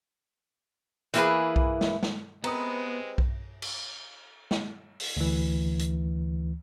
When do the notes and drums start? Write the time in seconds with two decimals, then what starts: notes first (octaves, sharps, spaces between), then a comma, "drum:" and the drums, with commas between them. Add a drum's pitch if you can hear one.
1.14 E3 A#3 E4 G4 G#4 B4, drum: hi-hat
1.56 drum: kick B1
1.81 drum: snare
2.03 drum: snare
2.44 G#3 B3 C4 G4 B4 A#5 D#6, drum: cymbal
3.18 drum: kick B1
3.62 drum: cymbal
4.51 drum: snare
5.00 drum: open hi-hat
5.17 D2 E3
5.79 drum: hi-hat